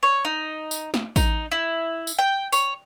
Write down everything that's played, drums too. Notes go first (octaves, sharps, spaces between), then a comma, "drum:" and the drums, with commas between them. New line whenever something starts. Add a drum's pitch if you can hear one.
C#5
D#4
drum: tambourine
drum: snare
D#4, drum: kick A1, tambourine
E4
drum: tambourine
G5
C#5, drum: tambourine